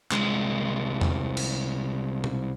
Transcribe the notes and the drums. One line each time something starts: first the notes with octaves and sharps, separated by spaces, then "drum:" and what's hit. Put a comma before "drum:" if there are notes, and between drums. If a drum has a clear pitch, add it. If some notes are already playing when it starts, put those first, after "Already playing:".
C2 G#3, drum: clap
drum: tom E2
drum: cymbal
drum: tom B2